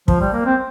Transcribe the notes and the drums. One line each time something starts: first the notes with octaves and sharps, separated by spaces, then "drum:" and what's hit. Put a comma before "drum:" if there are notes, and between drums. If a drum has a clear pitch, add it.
F3, drum: kick
G3
A#3
C4